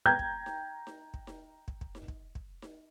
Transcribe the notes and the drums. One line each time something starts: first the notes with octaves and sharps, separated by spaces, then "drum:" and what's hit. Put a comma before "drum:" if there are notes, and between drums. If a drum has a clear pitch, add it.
G5 A#5 G6 G#6
drum: kick
drum: snare D#4
drum: snare D#4
drum: kick
drum: snare D#4
drum: kick
drum: kick
drum: snare D#4
drum: kick
drum: kick
drum: snare D#4